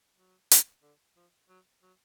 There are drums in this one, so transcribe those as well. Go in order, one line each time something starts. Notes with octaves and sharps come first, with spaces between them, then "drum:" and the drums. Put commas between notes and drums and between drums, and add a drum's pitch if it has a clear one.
F#3
drum: hi-hat
D3
F3
F#3
F#3